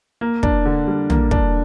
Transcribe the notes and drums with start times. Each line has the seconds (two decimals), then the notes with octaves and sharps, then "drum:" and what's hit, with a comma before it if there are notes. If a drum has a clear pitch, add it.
0.21 A#3
0.43 D4, drum: kick
0.65 D3
0.87 G3
1.10 A#3, drum: tom
1.31 D4, drum: kick